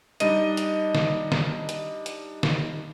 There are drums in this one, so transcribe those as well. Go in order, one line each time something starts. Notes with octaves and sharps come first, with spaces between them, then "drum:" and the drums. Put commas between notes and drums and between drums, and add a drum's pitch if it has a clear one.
G3 D4 D#4 D#5 D#7, drum: hi-hat
drum: hi-hat
drum: snare
drum: snare
drum: hi-hat
drum: hi-hat
drum: snare